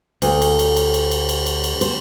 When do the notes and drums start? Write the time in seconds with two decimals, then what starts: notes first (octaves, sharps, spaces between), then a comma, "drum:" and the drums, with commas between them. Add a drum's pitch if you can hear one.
0.22 D2, drum: cymbal
0.42 drum: cymbal
0.59 drum: cymbal
0.76 drum: cymbal
0.94 drum: cymbal
1.11 drum: cymbal
1.29 drum: cymbal
1.46 drum: cymbal
1.64 drum: cymbal
1.81 C5, drum: cymbal